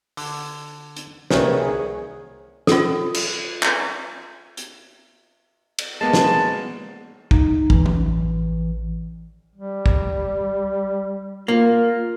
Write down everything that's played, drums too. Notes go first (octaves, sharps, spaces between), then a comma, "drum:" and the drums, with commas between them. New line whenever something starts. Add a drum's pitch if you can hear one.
D3, drum: open hi-hat
drum: hi-hat
C2 D#3 A#3 G#4 B4 C#5, drum: snare
F4 A4, drum: snare
drum: cymbal
drum: clap
drum: hi-hat
drum: cymbal
G#3 A#3 B3 A5
drum: snare
D#4, drum: kick
A1 E3, drum: kick
drum: tom
G3
drum: kick
A#3 F4